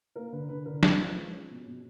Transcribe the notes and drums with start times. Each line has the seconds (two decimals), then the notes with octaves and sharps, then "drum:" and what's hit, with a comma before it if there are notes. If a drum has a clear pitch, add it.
0.15 A#3 A#4
0.32 D3 B4
0.49 D3 B4
0.65 D3 A#4
0.83 C#4 B4, drum: snare
0.99 F3
1.16 G#3
1.33 C#4
1.51 B2
1.67 B2